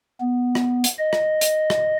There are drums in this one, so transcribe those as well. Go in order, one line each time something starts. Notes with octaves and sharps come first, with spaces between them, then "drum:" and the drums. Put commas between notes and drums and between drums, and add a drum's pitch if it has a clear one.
B3
drum: rim click
drum: hi-hat
D#5
drum: rim click
drum: hi-hat
drum: rim click